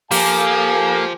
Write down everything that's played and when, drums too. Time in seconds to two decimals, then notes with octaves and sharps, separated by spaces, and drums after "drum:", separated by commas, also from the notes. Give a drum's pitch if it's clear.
0.11 F3 A#3 G4 A4 F5 G#5, drum: open hi-hat